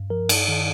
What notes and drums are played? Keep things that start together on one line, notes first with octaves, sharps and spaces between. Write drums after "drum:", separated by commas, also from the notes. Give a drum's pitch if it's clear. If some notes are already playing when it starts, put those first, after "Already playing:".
Already playing: G2
F3 A#4
G2, drum: cymbal
D#3